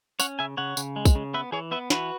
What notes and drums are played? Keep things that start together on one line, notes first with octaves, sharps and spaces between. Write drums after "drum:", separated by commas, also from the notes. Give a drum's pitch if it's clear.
C#4 C#5 F#5, drum: tambourine
C#3 E5 G#5
C#3 C#5 F#5
C#3, drum: tambourine
G#3
drum: kick, tambourine
C#3
B3 B4 E5
E3 G#4 C#5
B3 B4 E5
E3 F#4 B4, drum: snare